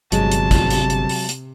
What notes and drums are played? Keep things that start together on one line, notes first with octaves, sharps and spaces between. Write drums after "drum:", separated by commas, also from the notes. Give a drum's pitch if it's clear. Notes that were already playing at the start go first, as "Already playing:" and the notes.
G1 C3 F#3 G#3 A5, drum: hi-hat
drum: hi-hat
drum: kick, hi-hat
drum: hi-hat
drum: hi-hat
drum: open hi-hat
drum: hi-hat